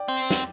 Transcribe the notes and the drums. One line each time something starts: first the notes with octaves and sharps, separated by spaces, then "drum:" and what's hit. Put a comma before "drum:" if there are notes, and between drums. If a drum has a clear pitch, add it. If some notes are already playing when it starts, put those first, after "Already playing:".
Already playing: D5 G5
C4
drum: snare